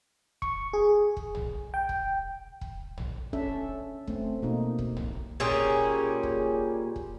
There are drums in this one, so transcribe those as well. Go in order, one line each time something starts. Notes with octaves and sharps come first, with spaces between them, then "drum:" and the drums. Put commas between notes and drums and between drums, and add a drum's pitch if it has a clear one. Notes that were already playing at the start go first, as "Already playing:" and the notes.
C#6, drum: kick
G#4
drum: kick
drum: tom A#1
G5
drum: kick
drum: kick
drum: tom A#1
C#4 D4 A4 E5, drum: kick
A3 C4, drum: kick
B2 A#3 D#4
drum: kick
drum: tom A#1
A#2 G3 C#4 G#4
drum: kick
drum: kick
drum: kick